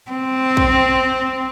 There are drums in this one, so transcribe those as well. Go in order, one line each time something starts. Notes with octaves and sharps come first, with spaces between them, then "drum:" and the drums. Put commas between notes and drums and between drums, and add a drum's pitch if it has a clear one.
C4
drum: kick